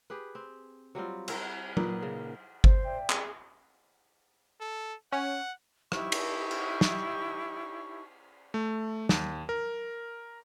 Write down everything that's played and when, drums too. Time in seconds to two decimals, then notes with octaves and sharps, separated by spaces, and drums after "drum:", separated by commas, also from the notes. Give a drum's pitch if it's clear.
0.10 G4 G#4 B4
0.35 C4
0.95 F#3 G3 C4 F4
1.28 E4 A#4, drum: cymbal
1.77 A#2 D#4 B4, drum: tom
2.02 C#3
2.64 C5, drum: kick G1
2.85 D5 E5 G5
3.10 G#4, drum: clap
4.61 A4
5.12 C#4 F#5
5.92 D#4 E4 G4 C#6, drum: rim click
6.12 drum: cymbal
6.51 drum: cymbal
6.81 drum: snare
8.54 A3
9.09 D#2, drum: snare
9.49 A#4